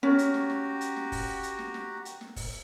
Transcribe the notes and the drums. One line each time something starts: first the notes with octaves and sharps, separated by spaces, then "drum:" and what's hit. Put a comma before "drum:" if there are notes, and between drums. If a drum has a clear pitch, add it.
C#4 F#4 G4 A#5
drum: hi-hat
drum: snare
drum: snare
drum: hi-hat
drum: snare
drum: kick, open hi-hat
drum: hi-hat
drum: snare
drum: snare
drum: hi-hat
drum: snare
drum: kick, open hi-hat